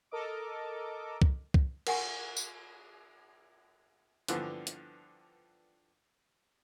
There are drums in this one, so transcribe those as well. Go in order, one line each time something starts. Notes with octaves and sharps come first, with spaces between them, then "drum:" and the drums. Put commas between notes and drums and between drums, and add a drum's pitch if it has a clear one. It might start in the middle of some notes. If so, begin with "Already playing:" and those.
A4 A#4 D#5 D6
drum: kick
drum: kick
A#4 F#5 G#5 C#6, drum: cymbal
drum: tambourine
G2 D3 E3 F3 B3, drum: hi-hat
drum: hi-hat